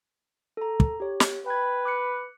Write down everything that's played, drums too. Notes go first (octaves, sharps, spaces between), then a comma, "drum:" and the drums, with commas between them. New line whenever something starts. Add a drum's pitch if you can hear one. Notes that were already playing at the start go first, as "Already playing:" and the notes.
A4 A#5
drum: kick
G4 C#5
drum: snare
B4 G5 B5 G#6
D6 F#6 C#7